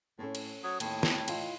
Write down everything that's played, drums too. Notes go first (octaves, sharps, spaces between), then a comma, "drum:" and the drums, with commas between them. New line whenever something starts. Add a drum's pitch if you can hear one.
A2 C4 C#4 A4
drum: cymbal
F#3 D#6
D#2 A2 C4 G5, drum: cymbal
drum: snare
E4 F4 D#5, drum: cymbal